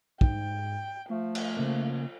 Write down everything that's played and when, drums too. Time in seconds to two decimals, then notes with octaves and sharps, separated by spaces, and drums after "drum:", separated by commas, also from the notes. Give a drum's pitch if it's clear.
0.21 G#2 G5, drum: kick
1.10 F3 A3
1.35 drum: cymbal
1.57 C#3 A#3